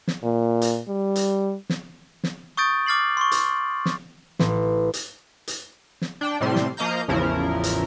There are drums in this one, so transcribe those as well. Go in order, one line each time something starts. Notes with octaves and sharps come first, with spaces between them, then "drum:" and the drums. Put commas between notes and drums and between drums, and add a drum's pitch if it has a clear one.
drum: snare
A#2
drum: hi-hat
G3
drum: hi-hat
drum: snare
drum: snare
C#6 D#6 G6 A6 D7
D6 F6 A6 C7 F#7
C6 C#6
drum: hi-hat
drum: snare
A1, drum: snare
drum: hi-hat
drum: hi-hat
drum: snare
D4 G5
A2 C3 G3 C4 C6
drum: snare
F3 A#3 D#5 F5 A#5 G6
A1 E2 C#3 F3 E4 A#4
drum: hi-hat